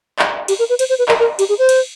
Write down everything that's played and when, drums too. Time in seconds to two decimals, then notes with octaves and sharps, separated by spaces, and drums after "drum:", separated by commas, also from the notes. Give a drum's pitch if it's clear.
0.19 drum: clap
0.48 G4, drum: cymbal
0.59 A#4
0.69 B4
0.79 C5, drum: cymbal
0.89 C5
0.99 B4
1.08 A#4, drum: clap
1.20 A#4
1.39 G4, drum: cymbal
1.49 G#4
1.59 C5
1.69 drum: cymbal